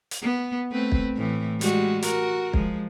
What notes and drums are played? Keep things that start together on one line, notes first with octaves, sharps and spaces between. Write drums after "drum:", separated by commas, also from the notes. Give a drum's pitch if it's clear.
drum: hi-hat
B3
A3 C4 B4
drum: kick
A2 E3
G3 G#3 F#4, drum: hi-hat
F#4 A#4, drum: hi-hat
F3 G#3, drum: kick